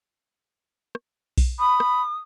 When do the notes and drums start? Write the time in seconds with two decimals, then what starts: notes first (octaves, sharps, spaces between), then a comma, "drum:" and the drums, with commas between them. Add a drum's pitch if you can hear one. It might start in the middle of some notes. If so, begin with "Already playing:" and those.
0.95 drum: rim click
1.38 drum: kick B1, open hi-hat
1.59 B5 D#6
1.80 drum: rim click